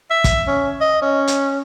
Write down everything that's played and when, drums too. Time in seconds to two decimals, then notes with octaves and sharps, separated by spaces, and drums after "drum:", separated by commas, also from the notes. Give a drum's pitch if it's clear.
0.11 E5
0.24 drum: kick, hi-hat
0.47 C#4
0.81 D#5
1.02 C#4
1.28 drum: hi-hat